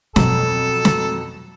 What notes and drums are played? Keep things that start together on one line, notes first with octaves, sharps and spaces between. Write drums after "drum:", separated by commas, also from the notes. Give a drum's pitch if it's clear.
F2 B2 F#3 A4, drum: snare
drum: snare